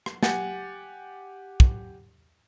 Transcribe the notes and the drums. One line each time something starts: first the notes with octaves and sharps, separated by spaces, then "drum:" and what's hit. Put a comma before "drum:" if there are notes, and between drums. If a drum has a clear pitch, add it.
drum: rim click
G4 F#5 G#5 A6, drum: snare
drum: kick